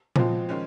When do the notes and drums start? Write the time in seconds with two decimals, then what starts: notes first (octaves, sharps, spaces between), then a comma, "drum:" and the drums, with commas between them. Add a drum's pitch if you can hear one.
0.16 B2 F3 G#3 C4, drum: tom A#2
0.49 D#3 G#3 C#4